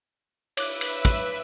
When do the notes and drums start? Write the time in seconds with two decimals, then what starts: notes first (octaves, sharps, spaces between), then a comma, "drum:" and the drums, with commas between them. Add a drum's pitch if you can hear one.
0.57 B4 C#5 E5 D6 F#6, drum: cymbal
0.81 drum: cymbal
1.05 drum: kick, cymbal